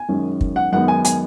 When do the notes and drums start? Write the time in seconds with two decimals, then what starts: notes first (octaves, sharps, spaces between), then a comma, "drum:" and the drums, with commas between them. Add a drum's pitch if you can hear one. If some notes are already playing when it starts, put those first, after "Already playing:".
Already playing: G#5
0.09 F#2 D#3 G#3 C#4
0.41 drum: kick
0.56 F#5
0.72 F#2 D#3 G#3 B3 D#4 F#5
0.88 G#5
1.05 G#5, drum: hi-hat